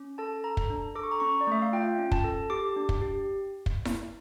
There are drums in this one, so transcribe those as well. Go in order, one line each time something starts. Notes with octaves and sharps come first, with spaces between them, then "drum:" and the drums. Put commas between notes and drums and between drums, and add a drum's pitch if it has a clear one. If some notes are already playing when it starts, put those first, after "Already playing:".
Already playing: C#4
A4 A5
A4 A#5
drum: kick
D4
A4 D6
C#6
A#5
C#4 C#6
D5
A3 E5
F5
F4 G5
C#4
A5, drum: kick
A4
G4 D6
D4
drum: kick
G4
drum: kick
drum: snare E4